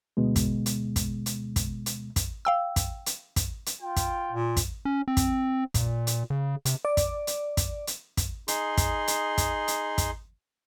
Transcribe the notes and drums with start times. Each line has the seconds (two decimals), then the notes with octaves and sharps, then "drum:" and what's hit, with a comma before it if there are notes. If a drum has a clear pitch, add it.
0.17 D2 B2 G#3
0.36 drum: kick, hi-hat
0.66 drum: hi-hat
0.96 drum: kick, hi-hat
1.26 drum: hi-hat
1.56 drum: kick, hi-hat
1.86 drum: hi-hat
2.16 drum: kick, hi-hat
2.45 F5 G5 E6
2.76 drum: kick, hi-hat
3.06 drum: hi-hat
3.36 drum: kick, hi-hat
3.66 drum: hi-hat
3.81 F4 G5
3.96 drum: kick, hi-hat
4.32 A#2
4.57 drum: kick, hi-hat
4.85 C#4
5.08 C4
5.17 drum: kick, hi-hat
5.74 A#2, drum: kick, hi-hat
6.07 drum: hi-hat
6.30 C#3
6.65 C3, drum: hi-hat
6.85 D5
6.97 drum: kick, hi-hat
7.27 drum: hi-hat
7.57 drum: kick, hi-hat
7.87 drum: hi-hat
8.17 drum: kick, hi-hat
8.48 D#4 G#4 C6, drum: hi-hat
8.77 drum: kick, hi-hat
9.08 drum: hi-hat
9.38 drum: kick, hi-hat
9.68 drum: hi-hat
9.98 drum: kick, hi-hat